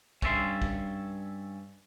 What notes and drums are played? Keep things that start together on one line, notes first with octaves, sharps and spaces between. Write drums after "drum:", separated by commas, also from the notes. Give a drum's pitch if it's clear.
G2 C#4 A4 E5 C6, drum: kick
drum: kick